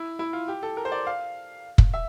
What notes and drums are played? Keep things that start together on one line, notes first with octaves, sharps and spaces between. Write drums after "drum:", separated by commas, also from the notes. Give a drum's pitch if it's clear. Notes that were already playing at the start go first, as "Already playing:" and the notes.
Already playing: E4
E4
F4
G4
A4
A#4
C5
D5
F5
drum: kick
E5